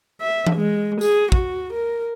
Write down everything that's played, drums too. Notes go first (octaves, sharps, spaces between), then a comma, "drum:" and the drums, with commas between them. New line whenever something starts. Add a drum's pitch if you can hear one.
E5
drum: tom E3
G#3
G#4, drum: tambourine
F#4, drum: kick
A#4